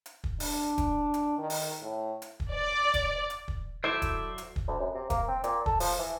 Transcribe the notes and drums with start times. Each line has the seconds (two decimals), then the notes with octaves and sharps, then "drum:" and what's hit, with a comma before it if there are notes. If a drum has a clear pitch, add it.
0.06 drum: hi-hat
0.24 drum: kick
0.40 D4, drum: open hi-hat
0.78 drum: kick, hi-hat
1.14 drum: hi-hat
1.38 D#3
1.50 drum: open hi-hat
1.82 A2
2.22 drum: hi-hat
2.40 drum: kick
2.52 D5
2.94 drum: kick, hi-hat
3.30 drum: hi-hat
3.48 drum: kick
3.84 F#3 E4 A4 C5 D5 E5 E6 G6
4.02 drum: kick, hi-hat
4.38 drum: hi-hat
4.56 drum: kick
4.68 D2
4.79 F#2
4.95 C3
5.10 A#3, drum: kick, hi-hat
5.28 C4
5.44 A#2, drum: hi-hat
5.66 A4, drum: kick
5.80 F3, drum: open hi-hat
5.99 E3